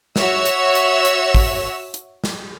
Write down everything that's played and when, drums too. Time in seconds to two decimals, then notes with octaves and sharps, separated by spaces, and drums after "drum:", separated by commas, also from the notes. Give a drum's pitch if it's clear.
0.16 F#4 C#5 E5 E6, drum: snare
0.45 drum: hi-hat
0.75 drum: hi-hat
1.05 drum: hi-hat
1.35 drum: kick, open hi-hat
1.94 drum: hi-hat
2.24 drum: snare